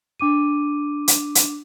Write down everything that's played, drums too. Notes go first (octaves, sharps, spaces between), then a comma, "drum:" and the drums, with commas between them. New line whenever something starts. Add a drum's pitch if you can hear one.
D4 D6 D#7
drum: hi-hat
drum: hi-hat